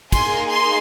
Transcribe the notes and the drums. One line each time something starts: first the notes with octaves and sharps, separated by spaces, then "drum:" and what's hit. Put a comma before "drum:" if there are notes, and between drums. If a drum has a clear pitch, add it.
A#3 D#4 G#4 G#5 C6, drum: kick, cymbal
G#5 C6